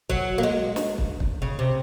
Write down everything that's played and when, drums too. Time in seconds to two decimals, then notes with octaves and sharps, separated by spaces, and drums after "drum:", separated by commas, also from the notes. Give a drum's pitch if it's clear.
0.10 F#3, drum: kick
0.38 A#3
0.43 G#3
0.76 drum: snare
0.98 drum: kick
1.20 drum: kick
1.42 C#3
1.59 C3